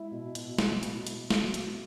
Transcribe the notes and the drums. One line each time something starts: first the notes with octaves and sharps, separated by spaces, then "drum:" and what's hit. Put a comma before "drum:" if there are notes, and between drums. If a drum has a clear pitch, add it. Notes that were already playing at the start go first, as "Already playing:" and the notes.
Already playing: G#3 E4
B2
B2, drum: hi-hat
G#3, drum: snare
B2, drum: hi-hat
B3, drum: hi-hat
F#3, drum: snare
B3, drum: hi-hat